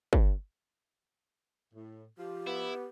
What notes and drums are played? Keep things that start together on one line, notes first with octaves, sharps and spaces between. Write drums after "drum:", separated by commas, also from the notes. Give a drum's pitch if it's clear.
drum: kick
A2
F3 F4 G4
B3 E4